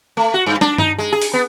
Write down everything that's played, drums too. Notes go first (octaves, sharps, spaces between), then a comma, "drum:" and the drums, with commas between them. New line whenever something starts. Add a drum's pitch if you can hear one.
A3
F#4
G2
D4, drum: snare
D#4, drum: tom G2
G#3
G#4
drum: open hi-hat
B3